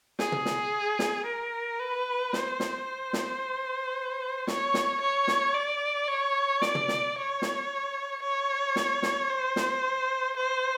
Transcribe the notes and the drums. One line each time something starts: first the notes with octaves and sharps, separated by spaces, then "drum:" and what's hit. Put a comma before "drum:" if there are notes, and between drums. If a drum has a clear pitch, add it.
G#4, drum: snare
drum: tom
drum: snare
drum: snare
A#4
B4
C5, drum: snare
drum: snare
drum: snare
C#5, drum: snare
drum: snare
C#5
drum: snare
D5
C#5
D5, drum: snare
drum: tom
drum: snare
C#5
drum: snare
C#5
drum: snare
drum: snare
C5
drum: snare
C5